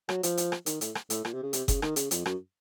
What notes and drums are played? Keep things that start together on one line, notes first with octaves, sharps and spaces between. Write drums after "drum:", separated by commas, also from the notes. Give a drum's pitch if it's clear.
F#3, drum: rim click
F3, drum: hi-hat
drum: hi-hat
drum: rim click
D#3, drum: hi-hat
A2, drum: hi-hat
drum: rim click
A2, drum: hi-hat
A#2, drum: rim click
C3
C#3
C3, drum: hi-hat
C#3, drum: kick F#1, hi-hat
D#3, drum: rim click
C#3, drum: hi-hat
F2, drum: hi-hat
F#2, drum: rim click